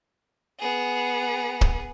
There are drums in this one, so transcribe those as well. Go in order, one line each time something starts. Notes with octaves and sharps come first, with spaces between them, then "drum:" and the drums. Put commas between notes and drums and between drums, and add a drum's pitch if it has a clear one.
B3 G#4
drum: kick